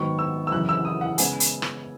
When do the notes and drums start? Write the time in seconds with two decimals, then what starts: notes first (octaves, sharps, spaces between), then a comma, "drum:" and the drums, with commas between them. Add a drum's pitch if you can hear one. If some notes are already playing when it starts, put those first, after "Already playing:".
Already playing: G#2 D#3 F#3 B3 C#6
0.19 E6
0.47 E6
0.52 F#2 C#3 E3 F#6
0.69 E6
0.85 D#6
1.01 F#5
1.18 C#3 G#3 B3 G#5, drum: hi-hat
1.40 drum: hi-hat
1.62 drum: rim click